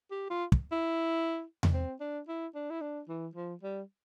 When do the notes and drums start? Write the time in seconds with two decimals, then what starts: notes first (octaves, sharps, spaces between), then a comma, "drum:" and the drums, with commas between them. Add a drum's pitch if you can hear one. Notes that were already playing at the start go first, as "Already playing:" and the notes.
0.11 G4
0.30 F4
0.52 drum: kick
0.72 E4
1.63 drum: tom E2
1.74 C4
2.00 D4
2.28 E4
2.55 D4
2.70 E4
2.81 D4
3.08 E3
3.36 F3
3.63 G3